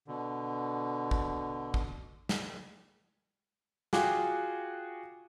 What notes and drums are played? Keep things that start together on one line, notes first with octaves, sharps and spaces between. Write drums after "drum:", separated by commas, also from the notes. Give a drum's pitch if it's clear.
B2 D3
drum: kick
drum: kick
drum: snare
F4 F#4 G#4 G5 D6, drum: snare